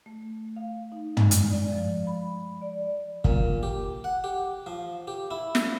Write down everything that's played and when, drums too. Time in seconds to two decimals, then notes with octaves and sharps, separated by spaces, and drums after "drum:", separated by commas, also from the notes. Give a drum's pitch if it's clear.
0.06 A3
0.56 F5
0.92 D#4
1.17 G#3, drum: tom
1.31 drum: hi-hat
1.51 D5
1.72 F3
2.07 B5
2.61 D5
3.24 A#2, drum: kick
3.63 G4
4.04 F#5
4.24 G4
4.66 F3
5.08 G4
5.31 E4
5.55 drum: snare